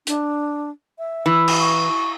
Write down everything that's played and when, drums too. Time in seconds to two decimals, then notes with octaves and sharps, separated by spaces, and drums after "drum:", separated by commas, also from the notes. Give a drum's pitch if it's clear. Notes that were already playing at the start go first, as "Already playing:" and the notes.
0.07 D4, drum: hi-hat
0.99 E5
1.26 E3
1.48 drum: cymbal
1.60 C#6